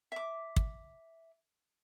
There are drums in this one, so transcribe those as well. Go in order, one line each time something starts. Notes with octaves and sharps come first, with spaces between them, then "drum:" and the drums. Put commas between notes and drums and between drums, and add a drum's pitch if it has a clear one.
E5 D6
drum: kick